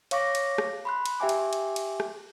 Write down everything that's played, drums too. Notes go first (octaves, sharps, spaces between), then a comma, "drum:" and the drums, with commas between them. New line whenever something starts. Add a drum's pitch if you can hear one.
C#5 F5 C#6 D6 A#6, drum: cymbal
drum: cymbal
drum: rim click
B5 C6 F#6
drum: cymbal
G4 E5 G5 G#5 D6
drum: cymbal
drum: cymbal
drum: cymbal
drum: rim click